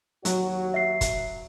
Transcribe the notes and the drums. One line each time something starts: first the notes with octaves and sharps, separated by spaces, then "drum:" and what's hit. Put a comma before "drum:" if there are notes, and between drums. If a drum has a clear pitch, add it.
D#2 F#3 F#4 C#5, drum: hi-hat
E5 C7
drum: kick, hi-hat